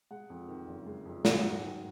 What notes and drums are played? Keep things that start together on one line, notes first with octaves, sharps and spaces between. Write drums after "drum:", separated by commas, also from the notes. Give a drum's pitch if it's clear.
G#3 F#5
F2
D#3
F#1
G#3
F2
F#3 F#5, drum: snare
G#5
G#2 F#5
D#3